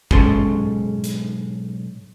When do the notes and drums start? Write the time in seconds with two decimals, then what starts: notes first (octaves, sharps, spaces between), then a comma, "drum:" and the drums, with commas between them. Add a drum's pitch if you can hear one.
0.11 B1 G#2 G#3 C#4 A4 C6, drum: kick
1.04 drum: hi-hat